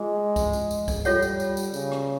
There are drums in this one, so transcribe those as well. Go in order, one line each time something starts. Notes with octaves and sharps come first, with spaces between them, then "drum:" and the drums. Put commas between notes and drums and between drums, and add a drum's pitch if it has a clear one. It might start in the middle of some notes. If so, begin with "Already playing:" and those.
Already playing: G#3 F4 G#4
drum: kick C#2, tambourine
drum: tambourine
drum: tambourine
drum: kick C#2, tambourine
G3 F4 A4 C#5 F#5, drum: tambourine
drum: tambourine
drum: tambourine
drum: tambourine
C#3, drum: tambourine
drum: rim click